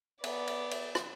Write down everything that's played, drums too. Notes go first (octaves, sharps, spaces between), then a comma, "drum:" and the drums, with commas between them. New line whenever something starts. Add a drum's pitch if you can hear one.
B3 D5, drum: cymbal
drum: cymbal
drum: cymbal
drum: rim click